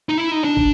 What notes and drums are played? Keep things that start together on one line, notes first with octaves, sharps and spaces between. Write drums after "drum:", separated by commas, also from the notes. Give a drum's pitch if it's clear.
D#4
E4
D#4
D4
drum: kick